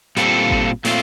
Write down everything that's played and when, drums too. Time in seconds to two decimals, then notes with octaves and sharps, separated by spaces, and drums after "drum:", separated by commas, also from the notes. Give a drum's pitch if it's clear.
0.17 A#2 G3 C4 F4 A4, drum: hi-hat
0.50 drum: kick G#1
0.85 A#2 A3 C4 F4, drum: open hi-hat